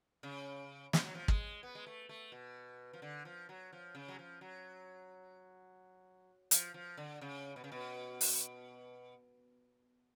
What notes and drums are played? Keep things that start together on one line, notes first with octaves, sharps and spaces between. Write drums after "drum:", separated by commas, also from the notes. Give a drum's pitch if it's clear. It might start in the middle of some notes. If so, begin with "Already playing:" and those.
C#3
F3, drum: snare
F#3
F3
G#3, drum: kick
B3
G#3
A3
A3
B2
F3
D3
F3
F#3
F3
C#3
F#3
F3
F#3
F3, drum: hi-hat
F3
D3
C#3
B2
C#3
B2
drum: open hi-hat